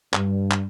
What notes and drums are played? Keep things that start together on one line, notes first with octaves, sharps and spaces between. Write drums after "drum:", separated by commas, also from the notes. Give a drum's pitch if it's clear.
G2, drum: clap
drum: clap